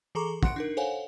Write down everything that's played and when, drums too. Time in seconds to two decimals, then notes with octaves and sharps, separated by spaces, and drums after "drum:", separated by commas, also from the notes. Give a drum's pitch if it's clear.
0.15 E3 G#4 A4 A#5 C#6 D6
0.43 F#5 C6 F#6 C#7 D7, drum: kick
0.56 D4 D#4 A#4
0.77 A4 C5 C#5 F5 F#5 G#5